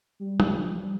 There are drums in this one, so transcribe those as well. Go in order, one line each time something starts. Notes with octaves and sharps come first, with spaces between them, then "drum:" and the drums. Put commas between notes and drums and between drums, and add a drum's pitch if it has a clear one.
G3
G#3, drum: tom
F3
G3